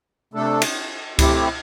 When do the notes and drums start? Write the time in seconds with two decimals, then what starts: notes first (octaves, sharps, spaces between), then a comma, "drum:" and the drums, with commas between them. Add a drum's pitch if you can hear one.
0.34 C3 A3 D4 A4
0.62 drum: cymbal
1.19 A3 C4 E4 G4, drum: kick C#2, cymbal